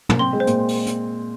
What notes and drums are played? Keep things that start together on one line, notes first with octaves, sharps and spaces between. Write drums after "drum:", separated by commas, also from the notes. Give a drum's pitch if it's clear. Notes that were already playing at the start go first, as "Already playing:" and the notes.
A#3, drum: tom
C4 C6
G#3
C5
A#2, drum: hi-hat
drum: open hi-hat
drum: hi-hat